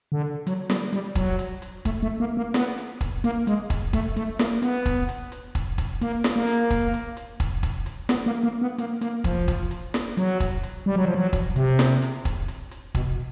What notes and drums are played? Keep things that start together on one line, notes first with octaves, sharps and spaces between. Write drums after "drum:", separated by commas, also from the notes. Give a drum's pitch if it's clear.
D3
F#3, drum: hi-hat
G3, drum: snare
G3, drum: hi-hat
F#3, drum: kick, hi-hat
drum: hi-hat
drum: hi-hat
A3, drum: kick, hi-hat
A3
A#3
A#3
B3, drum: snare
drum: hi-hat
drum: kick, hi-hat
A#3, drum: hi-hat
G#3, drum: hi-hat
drum: kick, hi-hat
A3, drum: kick, hi-hat
A3, drum: hi-hat
A#3, drum: snare
B3, drum: hi-hat
drum: kick, hi-hat
drum: hi-hat
drum: hi-hat
drum: kick, hi-hat
drum: kick, hi-hat
A#3, drum: hi-hat
drum: snare
A#3
drum: hi-hat
drum: kick, hi-hat
drum: hi-hat
drum: hi-hat
drum: kick, hi-hat
drum: kick, hi-hat
drum: hi-hat
B3, drum: snare
A#3
A#3
B3
A#3, drum: hi-hat
A#3, drum: hi-hat
F3, drum: kick, hi-hat
drum: kick, hi-hat
drum: hi-hat
drum: snare
F#3, drum: hi-hat
drum: kick, hi-hat
drum: hi-hat
G3
F#3
F3
F#3
drum: kick, hi-hat
C3, drum: hi-hat
drum: snare
drum: hi-hat
drum: kick, hi-hat
drum: hi-hat
drum: hi-hat
B2, drum: kick, hi-hat